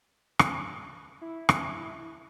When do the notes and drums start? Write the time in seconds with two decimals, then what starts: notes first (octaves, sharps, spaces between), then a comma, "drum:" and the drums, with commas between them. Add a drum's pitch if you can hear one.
0.39 drum: rim click
1.21 E4
1.49 drum: rim click